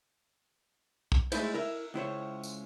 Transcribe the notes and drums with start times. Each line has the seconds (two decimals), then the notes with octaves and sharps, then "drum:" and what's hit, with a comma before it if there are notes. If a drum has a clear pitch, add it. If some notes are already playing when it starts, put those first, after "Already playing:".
1.12 drum: kick
1.32 G#3 A3 C4 D#4 E4 C5, drum: cymbal
1.54 E4 A#4 E5
1.94 C#2 E4 C5 C#5
2.43 drum: tambourine